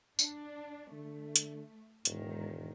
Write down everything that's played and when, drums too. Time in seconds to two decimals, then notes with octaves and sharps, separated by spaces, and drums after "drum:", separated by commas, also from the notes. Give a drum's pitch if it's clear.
0.19 D4, drum: tambourine
0.92 D3 A3
1.36 drum: hi-hat
2.05 E1 G#2 D#3, drum: hi-hat